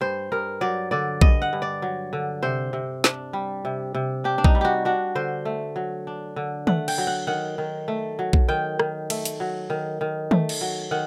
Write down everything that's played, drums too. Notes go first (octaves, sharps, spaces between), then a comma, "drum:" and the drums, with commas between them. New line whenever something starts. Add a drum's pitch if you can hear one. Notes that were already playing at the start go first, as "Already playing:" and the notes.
G2 C5
G2 A#4
F#3 D5
D3 D5
G2 D#5, drum: kick A#1
F#5
G2
D5
F#3
D3
C3 C5
C3
D4, drum: snare
G3
C3
C3
D4 G4
D4
D#4, drum: kick A#1
G3
F#4 G4
D4 F#4
D3 C5
A3
F#3
D4
D3
A3 F#5, drum: tom D#3
G5, drum: cymbal
F#3
F#5
D#3 F#5
D#3
A3
F#3
drum: kick A#1
D#3 G5
D#3, drum: rim click
A3, drum: cymbal
drum: hi-hat
F#3
D#3
D#3
A3, drum: tom D#3
drum: cymbal
F#3
D#3 F#5